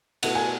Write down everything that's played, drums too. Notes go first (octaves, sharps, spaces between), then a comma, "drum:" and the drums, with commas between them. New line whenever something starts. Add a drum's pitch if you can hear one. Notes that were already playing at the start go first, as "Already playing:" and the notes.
B2 A3 E4 F#5, drum: cymbal
G#5